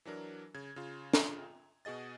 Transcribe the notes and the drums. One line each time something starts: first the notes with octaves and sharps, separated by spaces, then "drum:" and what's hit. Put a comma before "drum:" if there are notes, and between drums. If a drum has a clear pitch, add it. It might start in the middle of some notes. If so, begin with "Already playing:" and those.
E3 F#3 D4 A#4
C#3 G#6
C#3 F4
drum: snare
B2 F#4 G#4 D#5 A6